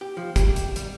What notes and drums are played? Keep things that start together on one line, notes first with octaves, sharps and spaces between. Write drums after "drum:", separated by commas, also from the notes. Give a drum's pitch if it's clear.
G4
F3
G4, drum: kick, hi-hat
drum: hi-hat
G3, drum: hi-hat